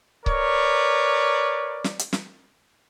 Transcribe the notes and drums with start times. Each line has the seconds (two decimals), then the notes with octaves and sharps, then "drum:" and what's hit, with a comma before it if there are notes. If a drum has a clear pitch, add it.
0.26 A#4 B4 C#5 D5, drum: kick C#1
1.84 drum: snare
1.99 drum: hi-hat
2.13 drum: snare